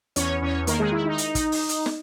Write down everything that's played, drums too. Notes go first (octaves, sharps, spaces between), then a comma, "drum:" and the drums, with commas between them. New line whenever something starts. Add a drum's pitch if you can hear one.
E2 C#4 C#5, drum: hi-hat
E2 C#4 C#5
D#3 A#3 A#4, drum: hi-hat
G#3 G#4
D#3 E4
D#4
drum: hi-hat
drum: kick, hi-hat
drum: open hi-hat
drum: hi-hat
drum: snare